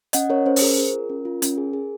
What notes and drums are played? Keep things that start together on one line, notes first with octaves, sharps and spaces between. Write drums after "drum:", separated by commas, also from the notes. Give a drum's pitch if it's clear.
C#4 D#5 F#5, drum: hi-hat
C#4 A#4 C#5
C#4 C5
C5, drum: open hi-hat
G#4 A#4
G#4
F4
C#4
F4
C#4, drum: hi-hat
G#4
G#4